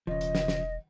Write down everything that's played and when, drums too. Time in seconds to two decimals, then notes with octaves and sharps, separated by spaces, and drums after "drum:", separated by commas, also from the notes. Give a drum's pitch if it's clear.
0.07 E1 C#3 F3 D#5
0.21 drum: hi-hat
0.35 drum: snare
0.48 drum: snare